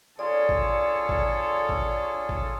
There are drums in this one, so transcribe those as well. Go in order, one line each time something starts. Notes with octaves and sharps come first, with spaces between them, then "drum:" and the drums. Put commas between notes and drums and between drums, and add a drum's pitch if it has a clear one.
F4 G#4 A4 C#5 D5
drum: kick G#1
drum: kick G#1
drum: kick G#1
drum: kick G#1